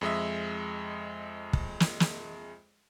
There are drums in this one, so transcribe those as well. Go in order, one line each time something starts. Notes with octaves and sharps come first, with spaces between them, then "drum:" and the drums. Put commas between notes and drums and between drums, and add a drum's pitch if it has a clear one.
F2 G#3 D#5 E5
drum: kick
drum: snare
drum: snare